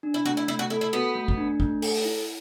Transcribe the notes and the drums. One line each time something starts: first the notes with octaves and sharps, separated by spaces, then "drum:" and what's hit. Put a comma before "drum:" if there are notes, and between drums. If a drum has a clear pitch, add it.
D4
E4
A3 F#4
E4
A3 E4
F#4
E4 A4
E4
B3 F#4
A3
drum: kick
D4
A3, drum: kick
A4, drum: cymbal
drum: open hi-hat
E4